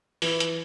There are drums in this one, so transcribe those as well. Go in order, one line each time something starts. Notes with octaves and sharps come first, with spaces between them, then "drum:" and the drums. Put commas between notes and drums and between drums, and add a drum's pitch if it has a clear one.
E3, drum: open hi-hat
drum: hi-hat